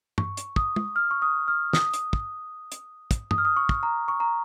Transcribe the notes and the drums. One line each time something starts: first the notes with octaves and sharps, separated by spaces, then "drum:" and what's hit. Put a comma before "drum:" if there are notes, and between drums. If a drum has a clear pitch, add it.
C#6, drum: tom
drum: hi-hat
D#6, drum: kick
drum: tom
F6
C#6
D#6
F6
D#6, drum: snare
drum: hi-hat
drum: kick
drum: hi-hat
drum: kick, hi-hat
D#6, drum: tom
F6
D#6
C#6
drum: kick
A#5
C#6
A#5